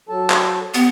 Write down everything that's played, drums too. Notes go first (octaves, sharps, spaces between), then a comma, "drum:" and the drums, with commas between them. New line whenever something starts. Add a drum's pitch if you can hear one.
F#3 A4 A5
drum: clap
B3 G4, drum: hi-hat